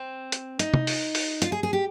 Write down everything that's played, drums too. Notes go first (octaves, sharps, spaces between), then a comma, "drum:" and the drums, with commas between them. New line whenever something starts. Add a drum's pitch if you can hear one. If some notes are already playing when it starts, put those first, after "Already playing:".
Already playing: C4
drum: hi-hat
D#4, drum: hi-hat
drum: tom
drum: open hi-hat
drum: open hi-hat
F4, drum: hi-hat
G#4
G#4
G4